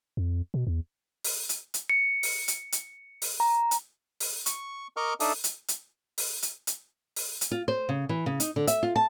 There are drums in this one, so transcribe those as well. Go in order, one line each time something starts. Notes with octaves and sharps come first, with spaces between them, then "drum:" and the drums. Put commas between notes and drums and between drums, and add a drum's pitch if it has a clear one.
F2
B2
E2
drum: open hi-hat
drum: hi-hat
drum: hi-hat
C#7
drum: open hi-hat
drum: hi-hat
drum: hi-hat
drum: open hi-hat
A#5
drum: hi-hat
drum: open hi-hat
C#6, drum: hi-hat
A#4 D#5 C#6 D6 F6
D4 D#4 A4 D5 E5 D#6, drum: open hi-hat
drum: hi-hat
drum: hi-hat
drum: open hi-hat
drum: hi-hat
drum: hi-hat
drum: open hi-hat
drum: hi-hat
F4
C5
C#3
E3
C#3
D#4, drum: hi-hat
D3
E5, drum: hi-hat
F4
A5